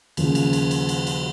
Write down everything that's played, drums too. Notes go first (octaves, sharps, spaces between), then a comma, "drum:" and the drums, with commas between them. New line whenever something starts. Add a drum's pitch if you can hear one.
D#2 C#3 F3, drum: cymbal
drum: cymbal
drum: cymbal
drum: cymbal
drum: cymbal
drum: cymbal